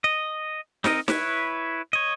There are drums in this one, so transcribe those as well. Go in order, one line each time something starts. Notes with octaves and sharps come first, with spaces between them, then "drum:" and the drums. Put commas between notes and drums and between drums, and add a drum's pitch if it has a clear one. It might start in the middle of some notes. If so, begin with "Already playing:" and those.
D#5
C4 D#4 A#4 D#5, drum: snare
E4 B4 C#5, drum: snare
C#5 D#5